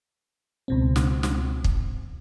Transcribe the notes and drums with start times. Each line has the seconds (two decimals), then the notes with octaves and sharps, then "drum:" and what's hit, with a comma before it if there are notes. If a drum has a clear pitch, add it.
0.68 C#2 B2 C4
0.96 drum: snare
1.23 drum: snare
1.64 drum: kick